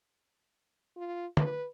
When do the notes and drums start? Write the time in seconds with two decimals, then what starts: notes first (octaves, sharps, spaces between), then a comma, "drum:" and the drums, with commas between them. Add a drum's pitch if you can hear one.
0.97 F4
1.37 B4, drum: tom